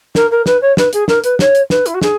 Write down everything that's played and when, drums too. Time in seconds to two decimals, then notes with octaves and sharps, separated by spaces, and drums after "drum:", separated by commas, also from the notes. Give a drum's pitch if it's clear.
0.15 A#4, drum: snare
0.30 A#4
0.46 B4, drum: snare
0.61 C#5
0.77 B4, drum: snare
0.93 G#4, drum: hi-hat
1.08 A#4, drum: snare
1.24 B4, drum: hi-hat
1.39 C#5, drum: snare
1.55 drum: hi-hat
1.70 B4, drum: snare
1.86 E4, drum: hi-hat
1.94 F#4
2.02 G#4, drum: snare